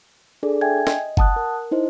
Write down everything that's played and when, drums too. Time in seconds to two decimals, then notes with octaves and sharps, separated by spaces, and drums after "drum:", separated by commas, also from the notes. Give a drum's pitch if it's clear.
0.43 D4 G#4 A4 D5
0.61 E5 G5 G#5 G#6
0.87 D#5, drum: snare
1.17 F#5 A5 D#6 F#6, drum: kick F#1
1.36 A#4
1.71 D#4 E4 C5 D#5